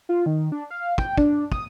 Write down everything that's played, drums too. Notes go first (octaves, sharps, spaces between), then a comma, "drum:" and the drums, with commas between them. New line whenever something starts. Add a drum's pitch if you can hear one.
F4
D#3
D4
F5
G5, drum: kick
D4, drum: kick
D#6, drum: kick